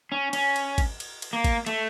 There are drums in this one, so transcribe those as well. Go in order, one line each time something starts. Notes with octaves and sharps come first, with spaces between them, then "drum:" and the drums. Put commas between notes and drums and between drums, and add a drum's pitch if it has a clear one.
C#4
C#4, drum: cymbal
drum: cymbal
drum: kick G#1, cymbal
drum: cymbal
drum: cymbal
A#3
drum: kick G#1, cymbal
A3, drum: cymbal